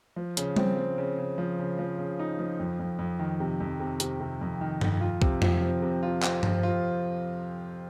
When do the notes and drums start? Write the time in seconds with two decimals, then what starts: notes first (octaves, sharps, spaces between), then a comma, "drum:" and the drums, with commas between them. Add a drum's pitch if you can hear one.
0.16 F3
0.37 C#3, drum: hi-hat
0.56 C4, drum: tom G3
0.77 C4
0.98 C#3
1.18 C#3
1.38 F3
1.59 C#3
1.79 F3
1.99 C#3
2.19 D#4
2.39 F3
2.59 F2
2.79 F2
2.99 F2
3.19 D#3
3.40 C3
3.60 F2
3.80 C3
4.00 C3, drum: hi-hat
4.20 C3
4.41 F2
4.61 D#3
4.81 F2, drum: tom G2
5.01 F4
5.22 C3, drum: kick
5.42 F3, drum: tom F2
5.62 C4
5.82 C3
6.03 F4
6.23 C4, drum: clap
6.43 F3, drum: tom G2
6.63 F4